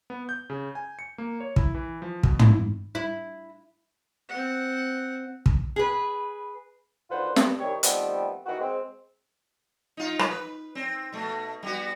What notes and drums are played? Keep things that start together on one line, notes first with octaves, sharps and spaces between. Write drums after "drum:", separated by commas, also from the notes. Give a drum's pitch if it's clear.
B3
G6
C#3
G#5
C#7
A#3
C#5
E4, drum: kick
E3
F3
B2, drum: kick
E4, drum: tom
E4
C4 F#5
drum: kick
G#4 B4
D2 D#3 F4 B4 C5 F#5
G2, drum: snare
C2 D#3 G4 C#5
D#3 F3 G3 A3 B3 C4, drum: hi-hat
D#3 E3 B3 F#4
G#3 C4
D#4 F4
drum: rim click
B4
C4
B2 A3
G3 B3 F#4